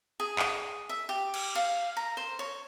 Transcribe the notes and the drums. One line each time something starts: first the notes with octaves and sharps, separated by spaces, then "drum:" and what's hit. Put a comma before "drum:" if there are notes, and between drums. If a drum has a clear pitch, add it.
G#4
drum: clap
E5
G4
drum: cymbal
F5
A#5
C5
C#5